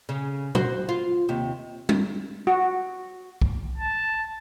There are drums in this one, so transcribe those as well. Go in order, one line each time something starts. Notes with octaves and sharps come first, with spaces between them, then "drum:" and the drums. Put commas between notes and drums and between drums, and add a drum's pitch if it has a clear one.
C#3
F#4 C5, drum: tom
F4
D#2 C3
drum: tom G3
F#4
drum: kick
A5